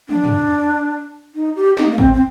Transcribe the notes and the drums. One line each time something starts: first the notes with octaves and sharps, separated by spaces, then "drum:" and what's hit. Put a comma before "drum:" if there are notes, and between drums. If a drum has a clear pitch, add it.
D4, drum: tom
drum: tom
D#4
G4
D#4, drum: snare
A#3
C4, drum: kick
C4